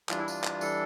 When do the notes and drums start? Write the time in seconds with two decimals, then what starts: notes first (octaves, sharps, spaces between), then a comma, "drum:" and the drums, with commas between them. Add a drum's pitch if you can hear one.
0.09 E3 G3 D4 F4, drum: clap
0.18 E4
0.28 F4, drum: tambourine
0.44 drum: clap
0.61 A4, drum: tambourine